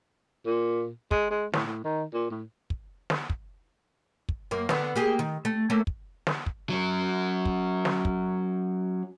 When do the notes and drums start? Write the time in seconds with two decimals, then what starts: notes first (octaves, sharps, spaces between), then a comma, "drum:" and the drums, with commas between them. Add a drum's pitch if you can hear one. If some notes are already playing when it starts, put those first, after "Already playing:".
0.46 A#2
1.11 G#3, drum: kick
1.30 G#3
1.53 A2, drum: snare
1.66 A2
1.84 D#3
2.14 A#2
2.31 A2
2.70 drum: kick
3.10 drum: snare
3.30 drum: kick
4.29 drum: kick
4.51 F#2 A#3
4.69 D3 B3, drum: snare
4.96 A#3 G4 G#4
5.19 D#3
5.45 A3
5.70 A3 A#3 C#4
5.87 drum: kick
6.27 drum: snare
6.46 drum: kick
6.70 F#3 C#4
7.45 drum: kick
7.85 drum: snare
8.05 drum: kick